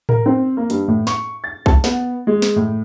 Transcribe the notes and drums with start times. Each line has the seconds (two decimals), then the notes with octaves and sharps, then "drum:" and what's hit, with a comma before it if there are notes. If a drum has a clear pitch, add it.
0.09 A#4, drum: tom A2
0.26 C4
0.57 A#3
0.70 G2, drum: hi-hat
0.88 A2
1.07 C#6, drum: snare
1.44 A6
1.66 A5, drum: kick B1
1.84 B3, drum: snare
2.27 G#3
2.42 drum: snare
2.56 A2